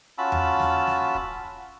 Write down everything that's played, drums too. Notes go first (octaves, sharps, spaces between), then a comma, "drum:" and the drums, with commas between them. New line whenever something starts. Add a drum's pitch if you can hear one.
C#4 F4 F#4 A5 B5 E6
drum: tom E2
drum: snare
drum: snare
drum: kick